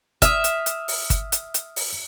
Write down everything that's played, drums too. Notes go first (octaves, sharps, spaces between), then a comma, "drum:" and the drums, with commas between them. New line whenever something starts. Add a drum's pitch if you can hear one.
E5 D#6 F6, drum: kick G1, hi-hat
drum: hi-hat
drum: hi-hat
drum: open hi-hat
drum: kick G1, hi-hat
drum: hi-hat
drum: hi-hat
drum: open hi-hat